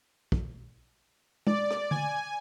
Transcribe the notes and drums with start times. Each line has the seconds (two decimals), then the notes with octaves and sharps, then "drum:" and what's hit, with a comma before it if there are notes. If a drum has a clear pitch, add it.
0.32 drum: kick
1.47 D5, drum: tom G#3
1.71 drum: rim click
1.91 G#5, drum: tom D3